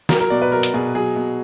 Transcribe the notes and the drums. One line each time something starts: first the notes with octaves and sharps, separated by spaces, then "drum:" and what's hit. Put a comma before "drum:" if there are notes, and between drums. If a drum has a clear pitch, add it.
F#3 A#4, drum: snare
A#4
B2 D5
B4
F#3 A#4
drum: hi-hat
B2 G#4
F#3 G#4
B2